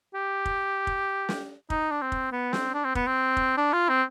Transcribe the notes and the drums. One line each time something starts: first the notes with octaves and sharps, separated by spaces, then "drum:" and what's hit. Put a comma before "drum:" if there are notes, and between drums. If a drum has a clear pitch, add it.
G4
drum: kick
drum: kick
drum: snare
D#4, drum: kick
D4
C4
drum: kick
B3
C4, drum: snare
D4
C4
B3, drum: kick
C4
drum: kick
D4
F4
C4